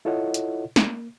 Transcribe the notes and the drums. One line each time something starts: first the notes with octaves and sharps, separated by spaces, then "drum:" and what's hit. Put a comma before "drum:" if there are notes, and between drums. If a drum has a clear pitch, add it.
E4 F4 A4 C#5 D#5 F#5
drum: hi-hat
A#3, drum: snare